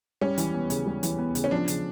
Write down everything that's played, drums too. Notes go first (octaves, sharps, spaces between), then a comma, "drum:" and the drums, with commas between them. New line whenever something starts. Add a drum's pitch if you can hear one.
G3 C#4
E3, drum: hi-hat
B3
C#3, drum: hi-hat
G3
E3, drum: hi-hat
B3
C#3, drum: hi-hat
C#4
F3 D4
C#3, drum: hi-hat